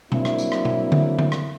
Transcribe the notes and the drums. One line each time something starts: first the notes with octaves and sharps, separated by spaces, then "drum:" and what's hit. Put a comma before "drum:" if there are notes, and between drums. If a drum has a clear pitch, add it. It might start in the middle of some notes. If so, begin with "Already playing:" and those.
F#3 A#3 C4 D4 E4, drum: tom B2
drum: rim click
drum: tambourine
drum: rim click
drum: tom B2
drum: tom D3
drum: tom D3
drum: rim click